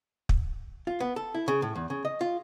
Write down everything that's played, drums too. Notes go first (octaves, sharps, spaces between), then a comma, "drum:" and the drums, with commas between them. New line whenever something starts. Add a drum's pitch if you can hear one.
drum: kick
F4
B3
A4
E4
C#3
A2
E2
C#3
D#5
F4